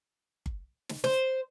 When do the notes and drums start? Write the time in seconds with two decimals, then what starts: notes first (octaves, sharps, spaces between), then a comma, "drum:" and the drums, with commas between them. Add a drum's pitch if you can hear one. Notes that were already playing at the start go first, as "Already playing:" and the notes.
0.46 drum: kick G1
0.89 drum: snare
1.04 C5, drum: snare